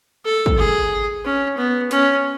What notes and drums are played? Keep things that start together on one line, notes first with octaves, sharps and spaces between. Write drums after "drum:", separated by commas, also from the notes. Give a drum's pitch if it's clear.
A4
drum: kick
G#4
C#4
B3
C#4, drum: hi-hat